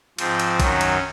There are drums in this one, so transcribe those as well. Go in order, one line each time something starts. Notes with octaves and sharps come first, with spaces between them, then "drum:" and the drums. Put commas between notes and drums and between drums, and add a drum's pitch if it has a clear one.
G#2 F3 C4, drum: cymbal
drum: cymbal
F#2 D#3 F#3 C#4, drum: kick A#1, cymbal
drum: cymbal